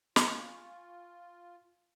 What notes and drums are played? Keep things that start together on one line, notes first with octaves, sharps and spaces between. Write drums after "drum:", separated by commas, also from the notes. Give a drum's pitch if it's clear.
F4 G#5 C#6, drum: snare